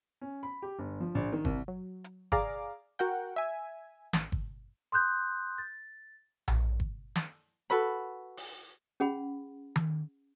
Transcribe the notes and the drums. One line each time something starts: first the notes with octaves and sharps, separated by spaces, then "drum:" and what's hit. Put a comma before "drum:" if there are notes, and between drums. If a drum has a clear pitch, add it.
C#4
B5
G4
G1
F3
A#1
D#3
C2, drum: kick
F#3
drum: hi-hat
G#4 D5 F5 A#5 D6, drum: kick
F#4 A#4 F#5 G5
E5 G#5
A1, drum: snare
drum: kick
C6 D#6 F#6 G6
A6
drum: tom A#1
drum: kick
drum: snare
F#4 A4 B4 B5
drum: open hi-hat
C#4 G#4 F#5 B5
drum: tom D#3